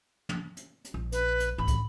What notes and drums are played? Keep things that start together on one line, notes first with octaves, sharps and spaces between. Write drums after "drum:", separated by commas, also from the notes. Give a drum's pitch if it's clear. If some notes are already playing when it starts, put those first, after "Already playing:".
drum: tom
drum: hi-hat
drum: hi-hat
A#1
B4, drum: hi-hat
drum: hi-hat
A1 D2 B5
drum: kick, hi-hat